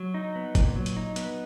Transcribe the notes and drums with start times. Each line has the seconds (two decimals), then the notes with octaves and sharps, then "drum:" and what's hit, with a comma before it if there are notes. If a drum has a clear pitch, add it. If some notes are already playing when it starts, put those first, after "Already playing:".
Already playing: F#3
0.14 D#4
0.36 B3
0.55 A#2, drum: kick F#1, hi-hat
0.76 F#3
0.86 drum: hi-hat
0.97 D#4
1.16 B3, drum: hi-hat